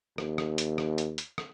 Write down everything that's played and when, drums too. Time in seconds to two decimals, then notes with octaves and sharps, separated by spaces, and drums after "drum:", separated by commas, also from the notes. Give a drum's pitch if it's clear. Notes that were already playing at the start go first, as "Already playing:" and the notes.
0.18 D#2, drum: rim click
0.38 drum: rim click
0.58 drum: hi-hat
0.78 drum: rim click
0.98 drum: hi-hat
1.18 drum: hi-hat
1.38 drum: rim click